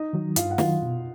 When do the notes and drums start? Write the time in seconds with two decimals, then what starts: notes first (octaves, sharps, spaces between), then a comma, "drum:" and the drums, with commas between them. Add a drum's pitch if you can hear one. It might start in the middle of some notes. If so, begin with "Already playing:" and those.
Already playing: D#4 D#5
0.13 D#3 F#3
0.36 G2 F4 F5, drum: hi-hat
0.50 F#5
0.58 D#3 F#3 F4 F5, drum: snare
0.82 B2